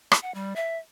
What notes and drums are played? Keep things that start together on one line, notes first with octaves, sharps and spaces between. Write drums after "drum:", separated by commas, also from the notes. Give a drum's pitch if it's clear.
drum: rim click
F#5
G3
E5